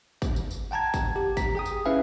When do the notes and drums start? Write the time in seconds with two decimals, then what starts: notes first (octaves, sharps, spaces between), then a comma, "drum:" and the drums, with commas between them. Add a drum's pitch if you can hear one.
0.22 drum: kick, tambourine
0.36 drum: tambourine
0.51 drum: tambourine
0.71 F#5 G5 A5 A#5 G#6
0.94 drum: kick, tambourine
1.16 G4
1.37 A#5 B6, drum: kick, tambourine
1.55 G#4 G5 D#6
1.66 drum: tambourine
1.85 C#4 E4 B4 E5 F5 G#5